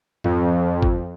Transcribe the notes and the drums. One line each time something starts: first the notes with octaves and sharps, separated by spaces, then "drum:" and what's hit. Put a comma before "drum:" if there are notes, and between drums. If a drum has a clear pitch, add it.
F2, drum: tom G#2
drum: kick